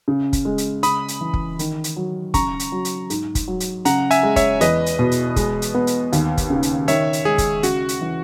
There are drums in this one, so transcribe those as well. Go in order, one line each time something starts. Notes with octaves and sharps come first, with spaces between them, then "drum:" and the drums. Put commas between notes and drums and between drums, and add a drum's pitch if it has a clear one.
C#3
drum: kick, hi-hat
G#3
drum: hi-hat
C#3 B5 D#6, drum: hi-hat
drum: hi-hat
E3
drum: kick
D#3, drum: hi-hat
drum: hi-hat
F#3
C#3 A#5 C#6, drum: kick, hi-hat
drum: hi-hat
F#3
drum: hi-hat
G#2, drum: hi-hat
drum: kick, hi-hat
F#3
drum: hi-hat
C#3 F#5 A#5, drum: hi-hat
E5 G#5, drum: hi-hat
G#3
C#5 E5, drum: kick, hi-hat
E2 B4 D#5, drum: hi-hat
drum: hi-hat
B2
drum: hi-hat
G#3, drum: kick, hi-hat
drum: hi-hat
B3
drum: hi-hat
D#2, drum: hi-hat
drum: kick, hi-hat
C#3
drum: hi-hat
D#3 C#5 E5, drum: hi-hat
drum: hi-hat
G#3 G#4
drum: kick, hi-hat
C#3 F#4, drum: hi-hat
drum: hi-hat
E3